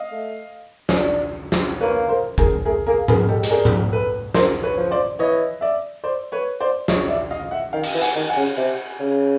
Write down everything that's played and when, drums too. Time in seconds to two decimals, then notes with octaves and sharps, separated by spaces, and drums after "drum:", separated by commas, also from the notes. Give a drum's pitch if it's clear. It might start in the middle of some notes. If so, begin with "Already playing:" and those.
Already playing: D#5 F5
0.12 A3
0.89 C#4, drum: snare
0.96 D4
1.52 drum: snare
1.81 A#3 B4 C#5
2.09 A#4 C5
2.38 G#4 A#4, drum: kick G1
2.65 A3 G#4 A#4
2.86 A#3 G#4 A#4
3.08 B3 G#4 A#4, drum: tom G#2
3.29 G#3 G4 A4
3.43 G#3, drum: hi-hat
3.50 G3 G#4 A#4
3.65 drum: tom G#2
3.92 A4 B4
4.34 A#4 C5, drum: snare
4.63 B4 C#5
4.77 F3
4.91 C5 D5
5.19 E3 C#5 D#5
5.61 D5 E5
6.04 C5 D5
6.32 B4 C#5
6.61 C5 D5
6.88 C#5 D#5, drum: snare
7.09 D5 E5
7.31 D#5 F5
7.51 E5 F#5
7.73 D#3 F5 G5
7.83 drum: cymbal
7.94 E3
8.01 F#5 G#5, drum: hi-hat
8.15 D#3
8.29 F#5 G#5
8.36 C#3
8.57 C3
9.00 C#3